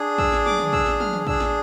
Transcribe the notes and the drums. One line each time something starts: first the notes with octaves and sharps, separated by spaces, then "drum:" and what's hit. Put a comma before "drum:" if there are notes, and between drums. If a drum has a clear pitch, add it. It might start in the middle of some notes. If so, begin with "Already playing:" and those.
Already playing: D4 G#4
E6, drum: kick
drum: snare
D6, drum: tom
drum: tom
E6, drum: kick
drum: snare
F6, drum: tom
drum: tom
D4 G#4 E6, drum: kick
drum: snare